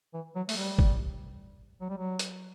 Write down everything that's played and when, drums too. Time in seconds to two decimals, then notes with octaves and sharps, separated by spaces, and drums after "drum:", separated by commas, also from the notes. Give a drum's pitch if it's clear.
0.14 E3
0.35 F#3
0.49 A3, drum: open hi-hat
0.57 G3
0.79 drum: kick
1.81 F#3
1.90 G3
1.97 F#3
2.19 drum: hi-hat